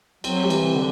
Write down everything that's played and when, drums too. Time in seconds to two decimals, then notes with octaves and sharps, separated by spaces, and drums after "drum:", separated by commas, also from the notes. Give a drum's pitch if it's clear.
0.24 F#3 C4, drum: cymbal
0.43 G3
0.50 E3, drum: cymbal
0.63 C3
0.75 D3